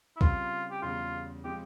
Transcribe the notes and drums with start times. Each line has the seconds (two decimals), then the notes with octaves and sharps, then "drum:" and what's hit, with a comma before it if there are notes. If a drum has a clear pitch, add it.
0.17 E4
0.21 C#3 G3 C4 F4, drum: kick B1
0.71 G4
0.82 E2 C#3 G3 F4
1.44 F3 G#3 C4 F4 G4